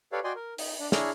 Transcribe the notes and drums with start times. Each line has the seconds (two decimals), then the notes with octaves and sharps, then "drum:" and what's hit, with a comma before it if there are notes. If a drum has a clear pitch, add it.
0.12 G4 A4 B4 C#5 D5 F5
0.24 F#4 D5 D#5 G5 G#5 C6
0.35 A#4
0.58 D#4, drum: open hi-hat
0.80 D4
0.92 D4 E4 G#4 C#5 A#5 F6, drum: snare